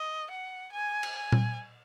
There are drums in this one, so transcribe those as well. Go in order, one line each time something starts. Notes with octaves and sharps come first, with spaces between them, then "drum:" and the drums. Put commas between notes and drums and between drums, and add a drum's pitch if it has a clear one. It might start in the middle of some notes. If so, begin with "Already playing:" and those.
Already playing: D#5
F#5
G#5
drum: cymbal
G#5
drum: tom A#2